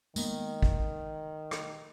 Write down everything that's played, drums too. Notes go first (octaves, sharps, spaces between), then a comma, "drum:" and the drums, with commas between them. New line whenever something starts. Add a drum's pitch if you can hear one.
D#3 G#3 A#3 B3, drum: tambourine
drum: kick A1
drum: rim click